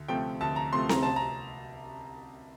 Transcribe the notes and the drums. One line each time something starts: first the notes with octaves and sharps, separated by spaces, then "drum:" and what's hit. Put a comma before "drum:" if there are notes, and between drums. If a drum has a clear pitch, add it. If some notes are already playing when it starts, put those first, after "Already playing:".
Already playing: D2
C3 F3 A3 G5
D2 A5
A#5
C3 F3 A3 C6
A#5, drum: snare C4
C2 A5
A#5